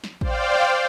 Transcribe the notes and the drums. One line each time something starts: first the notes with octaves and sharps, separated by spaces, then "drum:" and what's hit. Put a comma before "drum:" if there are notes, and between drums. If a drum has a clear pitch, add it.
drum: snare
C5 D5 F5 G5, drum: kick A1